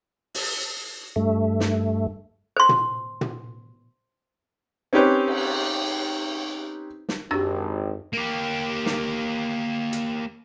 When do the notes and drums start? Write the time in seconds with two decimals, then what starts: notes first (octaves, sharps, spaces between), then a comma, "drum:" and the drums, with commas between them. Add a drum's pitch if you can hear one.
0.34 drum: open hi-hat
1.16 G2 A3
1.60 drum: snare
2.57 C5 C6
2.69 drum: tom
3.21 drum: tom
4.93 C4 C#4 D#4 G4 B4 C#5
5.28 drum: cymbal
7.09 drum: snare
7.31 G#1 F#2 D4 G4 E6 A#6
8.13 A#3 G4
8.86 drum: snare
9.93 drum: hi-hat